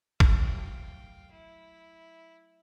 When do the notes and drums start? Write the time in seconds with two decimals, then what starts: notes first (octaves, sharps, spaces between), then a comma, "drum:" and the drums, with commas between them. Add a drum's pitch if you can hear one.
0.20 F#3 A3 F5 G5, drum: kick A1
1.31 E4